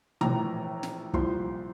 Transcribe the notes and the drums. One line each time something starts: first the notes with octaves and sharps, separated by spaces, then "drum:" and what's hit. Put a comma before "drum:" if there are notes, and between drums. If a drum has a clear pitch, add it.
A#1 A2 E3 A#5, drum: tom
drum: snare
C2 A#2 F3 C6, drum: kick